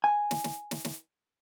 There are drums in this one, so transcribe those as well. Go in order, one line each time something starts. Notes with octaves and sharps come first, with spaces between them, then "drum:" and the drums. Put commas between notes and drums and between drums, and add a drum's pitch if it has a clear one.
G#5
drum: snare
drum: snare
drum: snare
drum: snare